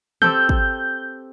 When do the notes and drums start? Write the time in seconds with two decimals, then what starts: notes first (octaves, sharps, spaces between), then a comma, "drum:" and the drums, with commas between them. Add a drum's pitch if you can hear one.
0.22 C4 G4 A4 G6, drum: tom D#3
0.49 drum: kick